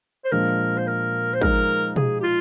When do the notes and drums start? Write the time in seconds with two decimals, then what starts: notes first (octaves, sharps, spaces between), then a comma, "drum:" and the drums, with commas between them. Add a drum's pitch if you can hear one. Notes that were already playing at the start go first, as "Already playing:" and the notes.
0.25 C5
0.32 A#2 F3 G#3 D4 A#4
0.77 C5
0.87 A#4
1.33 C5
1.41 F3 G#3 D#4 A#4, drum: kick
1.55 drum: hi-hat
1.96 G#4, drum: tom B2
2.20 G4
2.23 F4